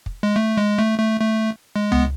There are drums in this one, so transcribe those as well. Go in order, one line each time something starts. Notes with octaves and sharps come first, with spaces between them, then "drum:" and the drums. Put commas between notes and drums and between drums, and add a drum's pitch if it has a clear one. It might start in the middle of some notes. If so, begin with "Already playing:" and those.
drum: kick
G#3
A3
G#3
A3
A3
A3
G#3
B3, drum: tom C#2